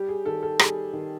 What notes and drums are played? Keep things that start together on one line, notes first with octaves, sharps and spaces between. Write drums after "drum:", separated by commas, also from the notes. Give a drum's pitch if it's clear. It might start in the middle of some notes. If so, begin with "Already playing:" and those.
Already playing: G3 G4
G#4
D#3 A4
A4
G3 G#4, drum: rim click
D#3